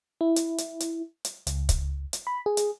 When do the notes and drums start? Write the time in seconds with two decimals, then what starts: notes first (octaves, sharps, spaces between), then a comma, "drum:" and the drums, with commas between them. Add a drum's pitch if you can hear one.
0.21 E4
0.36 drum: hi-hat
0.58 drum: hi-hat
0.80 drum: hi-hat
1.25 drum: hi-hat
1.47 C#2, drum: hi-hat
1.69 drum: kick, hi-hat
2.13 drum: hi-hat
2.27 B5
2.46 G#4
2.57 drum: hi-hat